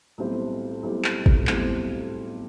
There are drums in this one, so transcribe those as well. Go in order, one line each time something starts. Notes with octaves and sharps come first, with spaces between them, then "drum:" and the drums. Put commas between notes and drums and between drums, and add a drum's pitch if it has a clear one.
B1 A2 G3 C4 E4
B1 A2 G3 C4 E4
drum: clap
drum: kick
B1 A2 G3 C4 E4, drum: clap